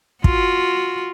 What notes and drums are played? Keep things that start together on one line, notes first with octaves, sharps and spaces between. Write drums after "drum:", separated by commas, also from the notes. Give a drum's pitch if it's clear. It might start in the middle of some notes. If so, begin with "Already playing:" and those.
F4 F#4, drum: kick